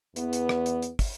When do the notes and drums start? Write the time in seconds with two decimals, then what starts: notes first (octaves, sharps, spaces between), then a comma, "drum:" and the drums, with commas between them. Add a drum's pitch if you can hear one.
0.16 E2 B3, drum: hi-hat
0.33 drum: hi-hat
0.49 drum: rim click
0.66 drum: hi-hat
0.82 drum: hi-hat
0.99 drum: kick, open hi-hat